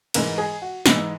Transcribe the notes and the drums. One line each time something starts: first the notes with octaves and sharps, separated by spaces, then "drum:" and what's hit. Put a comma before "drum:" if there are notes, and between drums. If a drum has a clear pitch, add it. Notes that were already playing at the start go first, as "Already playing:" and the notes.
G#2 E3 G#3 A#4, drum: cymbal
G#4
F#4
G#2 E3 G#3 E4, drum: snare
D#4